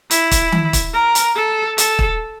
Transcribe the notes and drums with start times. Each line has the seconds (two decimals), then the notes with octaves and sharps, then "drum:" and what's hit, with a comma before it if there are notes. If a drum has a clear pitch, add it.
0.11 E4, drum: hi-hat
0.31 drum: kick, hi-hat
0.52 drum: tom D#3
0.73 drum: kick, hi-hat
0.94 A#4
1.15 drum: hi-hat
1.36 A4
1.78 A4, drum: hi-hat
1.99 drum: kick